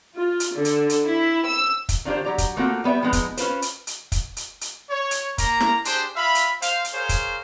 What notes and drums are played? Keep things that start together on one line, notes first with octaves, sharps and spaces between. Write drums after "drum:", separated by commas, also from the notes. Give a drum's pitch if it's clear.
F4
drum: hi-hat
D3
drum: hi-hat
drum: hi-hat
E4
E6
drum: kick, hi-hat
D#3 D4 F4 G4 C5
F#3 G4 A#5
drum: kick, hi-hat
A3 A#3 C4 F4 F#4
G3 B3 C#5 E5 G5
F3 G#3 B3 D#4
drum: kick, hi-hat
C#4 F4 B4 C5, drum: hi-hat
drum: hi-hat
drum: hi-hat
drum: kick, hi-hat
drum: hi-hat
drum: hi-hat
C#5
drum: hi-hat
A#3 A#5, drum: kick, hi-hat
drum: snare
D4 G4 G#4 C5, drum: hi-hat
F4 E5 F5 B5
drum: hi-hat
C5 F5, drum: hi-hat
drum: hi-hat
G#4 A#4 C5 C#5 F5
drum: kick, hi-hat